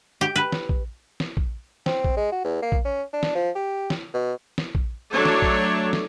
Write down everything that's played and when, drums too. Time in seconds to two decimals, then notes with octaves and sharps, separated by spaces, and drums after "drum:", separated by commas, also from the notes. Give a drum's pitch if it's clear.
0.21 G4
0.36 B4
0.52 drum: snare
0.69 drum: kick A#1
1.20 drum: snare
1.37 drum: kick A#1
1.86 C4, drum: snare
2.05 drum: kick A#1
2.17 G#3
2.32 F#4
2.45 E2
2.62 A#3
2.72 drum: kick A#1
2.85 C#4
3.13 D4
3.23 drum: snare
3.35 F3
3.56 G4
3.90 drum: snare
4.14 B2
4.58 drum: snare
4.75 drum: kick A#1
5.12 F#3 A3 D4 A4 C#5
5.25 drum: snare
5.42 drum: kick A#1
5.93 drum: snare